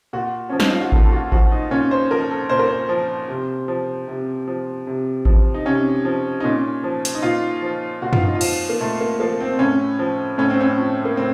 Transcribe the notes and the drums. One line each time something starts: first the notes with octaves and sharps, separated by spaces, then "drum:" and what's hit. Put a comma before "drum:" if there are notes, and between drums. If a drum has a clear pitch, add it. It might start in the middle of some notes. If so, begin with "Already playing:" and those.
A#2 F#4
F3 C#4
D#4, drum: snare
F4
F#4
A#2 A4, drum: kick A1
A4
F#4
F3 F#4, drum: kick A1
D#4
A#2 C#4
C5
F3 A#4
A4
A#2 C5
A#4
C5
F3
C3
F3
C3
F3
C3
F3, drum: kick A1
D#4
C3 C#4
F3
D#4
A#2 C#4
F3
drum: hi-hat
D#4
A#2 F4
F3
A#2 F#4
F4, drum: tom
D#4
F4
F3, drum: cymbal
A#3
A#2 A3
A#3
F3 A#3
C4
A2 C#4
F3
A2 C#4
C4
C#4
F3
A#3
A2 C4